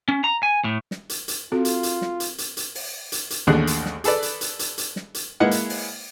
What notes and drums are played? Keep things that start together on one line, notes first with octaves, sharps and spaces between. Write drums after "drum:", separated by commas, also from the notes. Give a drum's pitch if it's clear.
C#4
A#5
G#5
A2
drum: snare
drum: hi-hat
drum: hi-hat
C4 F4 F#4 A4
drum: hi-hat
drum: hi-hat
drum: snare
drum: hi-hat
drum: hi-hat
drum: hi-hat
drum: open hi-hat
drum: hi-hat
drum: hi-hat
A1 D#2 D3 G#4 F#6
drum: hi-hat
drum: snare
G#4 A4 B4 D5, drum: hi-hat
drum: hi-hat
drum: hi-hat
drum: hi-hat
drum: hi-hat
drum: snare
drum: hi-hat
G#3 A#3 E4 B4 D#5 F#5
drum: hi-hat
drum: open hi-hat